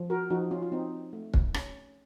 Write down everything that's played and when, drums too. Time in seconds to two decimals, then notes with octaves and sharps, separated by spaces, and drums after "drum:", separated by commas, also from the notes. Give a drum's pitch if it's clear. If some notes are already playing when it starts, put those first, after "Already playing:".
Already playing: F3
0.10 F#4 A#4
0.30 F3 D#4 F#4
0.51 C#4 F4
0.62 F4
0.72 C4 D#4
1.13 A3
1.34 drum: kick
1.54 C#4, drum: rim click